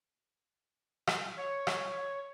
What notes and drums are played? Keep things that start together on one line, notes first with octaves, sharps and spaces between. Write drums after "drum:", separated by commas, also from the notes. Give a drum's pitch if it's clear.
drum: rim click
C#5
drum: rim click